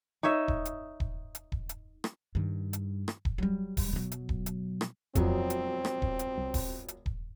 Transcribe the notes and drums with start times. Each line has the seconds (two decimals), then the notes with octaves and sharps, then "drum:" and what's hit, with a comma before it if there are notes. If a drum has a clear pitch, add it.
0.23 D#4 C#5 D#5 E5
0.48 drum: kick D#1
0.65 drum: hi-hat
1.00 drum: kick D#1
1.35 drum: hi-hat
1.52 drum: kick D#1
1.69 drum: hi-hat
2.04 drum: rim click
2.35 G2 D#3
2.73 drum: hi-hat
3.08 drum: rim click
3.25 drum: kick D#1
3.38 F#3 G3
3.77 drum: kick D#1, open hi-hat
3.93 B2 F#3
4.12 drum: hi-hat
4.29 drum: kick D#1
4.46 drum: hi-hat
4.81 drum: rim click
5.15 E1 F2 F3 F#3 C4, drum: kick D#1, hi-hat
5.50 drum: hi-hat
5.85 drum: rim click
6.02 drum: kick D#1
6.19 drum: hi-hat
6.38 C2
6.54 drum: kick D#1, open hi-hat
6.88 drum: hi-hat
7.06 drum: kick D#1